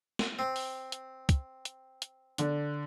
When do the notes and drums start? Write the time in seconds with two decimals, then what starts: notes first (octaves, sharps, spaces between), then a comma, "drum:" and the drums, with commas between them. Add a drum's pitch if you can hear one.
0.19 drum: snare
0.39 C4
0.56 drum: open hi-hat
0.92 drum: hi-hat
1.29 drum: kick, hi-hat
1.65 drum: hi-hat
2.02 drum: hi-hat
2.38 D3 D4, drum: hi-hat